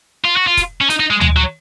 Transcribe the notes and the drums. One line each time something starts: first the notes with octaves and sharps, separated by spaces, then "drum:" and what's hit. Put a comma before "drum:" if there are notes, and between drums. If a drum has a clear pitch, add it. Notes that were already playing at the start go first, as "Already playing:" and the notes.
F4
F#4
F4
drum: kick, hi-hat
C#4
D#4, drum: hi-hat
D#4
G#3
G#3, drum: tom
F#3